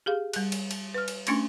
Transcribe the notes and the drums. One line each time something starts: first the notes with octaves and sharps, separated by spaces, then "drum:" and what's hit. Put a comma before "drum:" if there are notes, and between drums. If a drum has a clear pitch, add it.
G4 G#4 F5
G3 F#6, drum: cymbal
drum: cymbal
drum: cymbal
B4 F6
drum: cymbal
A3 C#4 D4 C#6 G#6 A#6, drum: cymbal